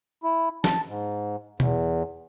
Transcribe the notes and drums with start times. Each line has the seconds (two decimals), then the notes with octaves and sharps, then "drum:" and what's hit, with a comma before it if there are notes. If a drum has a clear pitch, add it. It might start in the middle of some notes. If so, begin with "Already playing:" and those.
0.23 E4
0.64 A5, drum: snare
0.88 G#2
1.60 E2, drum: tom B2